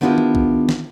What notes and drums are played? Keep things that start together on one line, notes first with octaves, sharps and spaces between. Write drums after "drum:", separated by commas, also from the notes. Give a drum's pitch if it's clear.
D#3 B3 D4 E4 F4 G4
drum: tom D#3
drum: kick
drum: snare